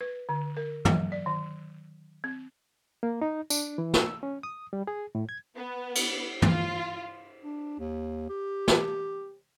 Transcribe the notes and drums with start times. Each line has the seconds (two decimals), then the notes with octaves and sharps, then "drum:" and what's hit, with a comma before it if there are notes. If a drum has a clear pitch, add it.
0.01 B4
0.29 D3
0.57 A#4
0.85 F#3, drum: tom
1.12 D5
1.26 D#3
2.24 C4
3.03 A#3
3.22 D#4
3.50 D4, drum: tambourine
3.78 E3
3.94 drum: snare
4.03 E6
4.23 C#4
4.43 D#6
4.73 G3
4.87 G#4
5.15 A2
5.29 G#6
5.56 B3
5.95 drum: cymbal
6.42 F4, drum: tom
7.42 D4
7.80 D#2
8.30 G4
8.68 drum: snare